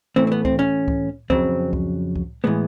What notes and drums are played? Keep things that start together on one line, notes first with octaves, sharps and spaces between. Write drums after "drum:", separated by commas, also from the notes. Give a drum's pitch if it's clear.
A2 E3 A3 C4
C4
B3
C4, drum: kick C#2
C#4
drum: kick C#2
F2 C#3 F#3 C4, drum: kick C#2
drum: kick C#2
drum: kick C#2
A2 E3 G#3 B3